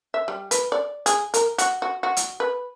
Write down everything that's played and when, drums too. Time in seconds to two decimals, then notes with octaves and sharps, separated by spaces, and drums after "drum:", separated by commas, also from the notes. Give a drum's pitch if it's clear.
0.14 E5
0.28 G3
0.51 B4, drum: hi-hat
0.72 D5
1.06 G#4, drum: hi-hat
1.34 A#4, drum: hi-hat
1.58 F#4, drum: hi-hat
1.82 F#4
2.03 F#4
2.17 drum: hi-hat
2.40 B4